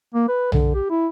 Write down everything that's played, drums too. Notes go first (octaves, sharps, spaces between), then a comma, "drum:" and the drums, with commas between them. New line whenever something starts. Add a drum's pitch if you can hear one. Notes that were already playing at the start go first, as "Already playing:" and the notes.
A#3
B4
D3, drum: tom B1
G4
E4